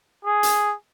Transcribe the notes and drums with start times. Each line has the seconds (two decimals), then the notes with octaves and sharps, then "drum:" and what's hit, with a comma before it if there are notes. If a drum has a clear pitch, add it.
0.25 G#4
0.43 drum: hi-hat